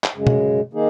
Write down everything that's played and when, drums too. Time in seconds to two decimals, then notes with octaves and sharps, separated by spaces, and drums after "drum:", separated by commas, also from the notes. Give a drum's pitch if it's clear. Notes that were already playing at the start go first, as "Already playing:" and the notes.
0.04 drum: clap
0.14 F#2 C#3 G#3
0.27 drum: tom
0.73 D#3 A#3 D#4 G#4